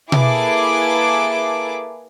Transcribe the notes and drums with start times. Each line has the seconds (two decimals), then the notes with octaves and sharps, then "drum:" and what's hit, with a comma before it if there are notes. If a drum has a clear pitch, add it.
0.12 A#3 E4 G#4 A4 B4 D6, drum: tom B2